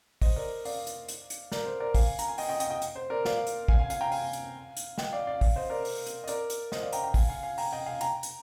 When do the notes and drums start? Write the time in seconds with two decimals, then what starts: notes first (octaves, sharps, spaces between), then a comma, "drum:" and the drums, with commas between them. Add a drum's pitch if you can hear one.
0.22 C5 D#5, drum: kick, open hi-hat
0.36 A#4 D5
0.65 D5 F5, drum: open hi-hat
0.87 drum: hi-hat
1.08 drum: hi-hat
1.30 drum: hi-hat
1.52 A#4 D5, drum: snare
1.66 C5
1.80 A#4 D5
1.94 F5 G#5, drum: kick, open hi-hat
2.19 A#5, drum: hi-hat
2.28 G#5
2.38 D#5 G5, drum: open hi-hat
2.49 D#5 G5
2.60 D#5 G5, drum: hi-hat
2.70 D#5 G5
2.82 drum: hi-hat
2.96 C5
3.10 A#4 D5
3.25 D5 F5, drum: snare
3.47 drum: hi-hat
3.68 F5 G#5, drum: kick
3.79 F5 G#5
3.90 F5 G#5, drum: hi-hat
4.01 G5 A#5
4.12 F5 G#5, drum: open hi-hat
4.33 drum: hi-hat
4.77 drum: hi-hat
4.98 D#5 G5, drum: snare
5.13 D5 F5
5.27 D5 F5
5.41 D5 F5, drum: kick, open hi-hat
5.56 C5 D#5
5.70 A#4 D5
5.85 drum: open hi-hat
6.06 drum: hi-hat
6.24 D#5
6.28 A#4 D5, drum: hi-hat
6.50 drum: hi-hat
6.72 C5 D#5, drum: snare
6.83 D5 F5
6.93 G5 A#5, drum: hi-hat
7.03 G5 A#5
7.14 F5 G#5, drum: kick, open hi-hat
7.29 F5 G#5
7.43 F5 G#5
7.58 G5 A#5, drum: open hi-hat
7.72 D#5 G5
7.86 F5 G#5
8.01 G5 A#5, drum: hi-hat
8.23 drum: hi-hat